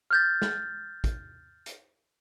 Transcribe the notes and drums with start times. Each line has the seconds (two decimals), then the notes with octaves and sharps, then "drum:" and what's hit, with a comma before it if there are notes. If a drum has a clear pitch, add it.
0.10 F6 G6 A6
0.42 drum: snare
1.04 drum: kick, hi-hat
1.66 drum: hi-hat